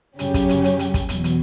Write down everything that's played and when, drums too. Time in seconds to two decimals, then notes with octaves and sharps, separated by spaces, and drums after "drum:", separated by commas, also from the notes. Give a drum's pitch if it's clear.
0.19 F#2 C#3 F#3 C#4 G4, drum: hi-hat
0.34 drum: kick, hi-hat
0.49 drum: hi-hat
0.64 drum: hi-hat
0.79 drum: hi-hat
0.94 drum: kick, hi-hat
1.09 E2 B2 F#3, drum: hi-hat
1.24 drum: hi-hat